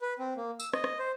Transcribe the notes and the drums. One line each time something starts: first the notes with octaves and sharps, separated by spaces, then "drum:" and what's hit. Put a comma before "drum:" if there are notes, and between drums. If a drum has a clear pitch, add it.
B4
C4
A#3
E6, drum: tambourine
D#5, drum: rim click
drum: rim click
C5